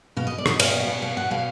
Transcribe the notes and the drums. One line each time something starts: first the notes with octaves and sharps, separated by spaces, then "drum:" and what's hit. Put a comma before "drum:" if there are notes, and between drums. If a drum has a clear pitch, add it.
B2 F5
B2 D#5
D5
B2 D#5, drum: rim click
B2 F5, drum: cymbal
B2 D#5
F5
B2
B2 F5
B2 F#5
B2 F5